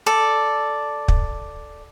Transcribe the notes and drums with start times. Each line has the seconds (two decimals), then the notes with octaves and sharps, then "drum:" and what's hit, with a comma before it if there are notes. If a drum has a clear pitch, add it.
0.06 A4 D5
1.08 drum: kick